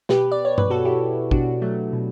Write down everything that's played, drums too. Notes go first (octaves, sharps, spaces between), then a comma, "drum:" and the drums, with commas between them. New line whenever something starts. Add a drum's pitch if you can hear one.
B2 G4 B4, drum: snare
D5
C#5
B4, drum: tom G2
B2 F#4 A4
E4 G4
B2 D4 F#4, drum: kick
F#3 A3
B2